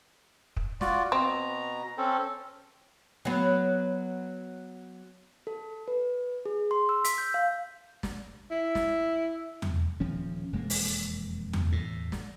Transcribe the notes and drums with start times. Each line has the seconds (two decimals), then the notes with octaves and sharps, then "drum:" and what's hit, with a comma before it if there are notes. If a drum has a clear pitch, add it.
0.56 drum: kick
0.81 F4 F#4 D5, drum: snare
1.12 B2 C4 A#5
1.98 C4 C#4 A4
3.25 F#3 B3
5.47 A4
5.88 B4
6.46 G#4
6.71 C6
6.89 E6
7.04 B6, drum: hi-hat
7.18 G6
7.34 F5
8.03 drum: snare
8.51 E4
8.75 drum: snare
9.62 drum: tom E2
10.00 D#1 F3 C#4
10.53 E1 F2 G#3 A#3
10.70 drum: open hi-hat
11.53 drum: tom E2
11.72 E2 A2
12.12 drum: snare